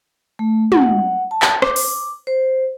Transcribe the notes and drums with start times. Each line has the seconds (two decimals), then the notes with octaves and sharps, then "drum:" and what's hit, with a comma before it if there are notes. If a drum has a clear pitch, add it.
0.39 A3
0.72 F#5, drum: tom
1.31 A5
1.42 drum: clap
1.62 D6, drum: rim click
1.76 drum: open hi-hat
2.27 C5